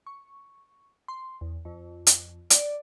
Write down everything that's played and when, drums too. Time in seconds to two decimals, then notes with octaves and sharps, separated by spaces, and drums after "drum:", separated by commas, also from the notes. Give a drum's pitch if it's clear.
0.07 C#6
1.08 C6
1.41 E2
1.65 F2
2.07 drum: hi-hat
2.50 D5, drum: hi-hat